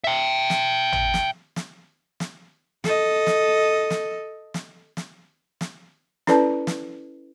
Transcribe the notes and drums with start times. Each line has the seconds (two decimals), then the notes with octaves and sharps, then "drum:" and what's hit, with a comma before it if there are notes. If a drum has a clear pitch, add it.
0.04 E5 G5
0.50 drum: snare
0.92 drum: tom
1.14 drum: snare
1.56 drum: snare
2.20 drum: snare
2.84 A4 D#5, drum: snare
3.27 drum: snare
3.90 drum: snare
4.54 drum: snare
4.97 drum: snare
5.61 drum: snare
6.27 C#4 E4 A4 B4 D5 A5, drum: snare
6.67 drum: snare